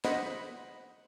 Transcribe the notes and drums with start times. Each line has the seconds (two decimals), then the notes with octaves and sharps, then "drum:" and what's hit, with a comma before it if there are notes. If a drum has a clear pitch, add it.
0.05 C5 D#5 F#5 B5, drum: snare